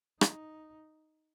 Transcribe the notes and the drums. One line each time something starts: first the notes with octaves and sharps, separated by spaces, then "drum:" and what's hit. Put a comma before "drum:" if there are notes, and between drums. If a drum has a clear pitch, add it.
D#4, drum: rim click